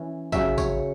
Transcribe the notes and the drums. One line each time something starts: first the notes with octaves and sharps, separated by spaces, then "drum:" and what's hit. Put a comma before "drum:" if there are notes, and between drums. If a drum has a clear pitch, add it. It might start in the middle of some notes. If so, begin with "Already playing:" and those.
Already playing: E3 C#4
C#3 F#3 C#4 E5, drum: kick, tambourine
C#5, drum: kick, tambourine